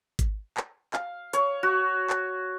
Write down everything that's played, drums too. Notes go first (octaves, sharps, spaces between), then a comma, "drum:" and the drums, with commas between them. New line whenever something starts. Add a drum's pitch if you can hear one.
drum: kick G#1, hi-hat
drum: clap
F5, drum: clap
C#5, drum: hi-hat
F#4
drum: clap